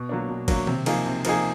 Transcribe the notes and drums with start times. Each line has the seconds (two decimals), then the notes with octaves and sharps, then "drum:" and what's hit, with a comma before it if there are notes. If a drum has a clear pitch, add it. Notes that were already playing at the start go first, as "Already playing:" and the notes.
Already playing: B2
0.09 F#3 A#3 D4
0.29 B2
0.48 F#3 A#3 D4, drum: kick, cymbal
0.67 C3, drum: tom D#3
0.86 F3 A#3 D#4 G#4, drum: cymbal
1.06 C3
1.25 F3 A#3 D#4 G#4, drum: cymbal